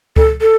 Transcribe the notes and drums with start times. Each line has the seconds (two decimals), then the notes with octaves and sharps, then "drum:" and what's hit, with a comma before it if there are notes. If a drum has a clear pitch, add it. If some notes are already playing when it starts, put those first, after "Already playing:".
0.16 A4, drum: kick C#2
0.41 A4